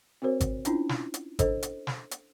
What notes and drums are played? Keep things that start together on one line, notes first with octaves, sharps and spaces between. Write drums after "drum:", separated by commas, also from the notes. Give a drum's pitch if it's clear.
C4 F#4 A#4 C5 C#5
drum: kick G#1, hi-hat
C#4 D4 E4 F4, drum: hi-hat
drum: snare
drum: hi-hat
D4 A4 C5 D#5, drum: kick G#1, hi-hat
drum: hi-hat
drum: snare
drum: hi-hat